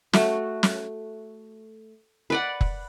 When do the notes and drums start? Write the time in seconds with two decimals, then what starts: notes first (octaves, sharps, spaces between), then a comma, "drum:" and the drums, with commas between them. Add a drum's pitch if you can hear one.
0.13 A3 F#4, drum: snare
0.63 drum: snare
2.30 B4 D5 F#5
2.61 drum: kick F1